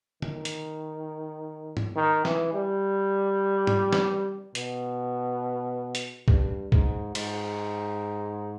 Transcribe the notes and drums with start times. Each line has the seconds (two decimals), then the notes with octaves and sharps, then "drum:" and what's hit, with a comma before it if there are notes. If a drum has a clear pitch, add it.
0.22 D#3, drum: tom D3
0.45 drum: hi-hat
1.77 drum: tom
1.95 D#3
2.25 E3, drum: snare
2.53 G3
3.67 drum: tom
3.93 drum: snare
4.55 B2, drum: hi-hat
5.95 drum: hi-hat
6.28 G2, drum: kick
6.72 G#2, drum: kick
7.15 G#2, drum: cymbal